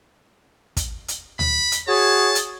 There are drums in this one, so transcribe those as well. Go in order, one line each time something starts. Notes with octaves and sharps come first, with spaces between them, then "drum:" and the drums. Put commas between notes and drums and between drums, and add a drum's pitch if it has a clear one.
drum: kick, hi-hat
drum: hi-hat
B5, drum: tom D2
drum: hi-hat
F#4 G#4 C#5 A5
drum: hi-hat